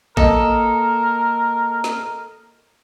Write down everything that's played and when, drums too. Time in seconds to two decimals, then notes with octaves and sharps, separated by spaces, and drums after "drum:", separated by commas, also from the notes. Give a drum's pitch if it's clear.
0.17 A#3 A4 A#4 D#5, drum: kick A1
1.84 drum: snare